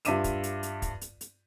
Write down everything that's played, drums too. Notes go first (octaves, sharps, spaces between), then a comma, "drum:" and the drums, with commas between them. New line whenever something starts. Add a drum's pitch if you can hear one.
G2 F4 E5 D6 D#7 E7, drum: hi-hat
drum: kick, hi-hat
drum: hi-hat
drum: hi-hat
drum: kick, hi-hat
drum: hi-hat
drum: hi-hat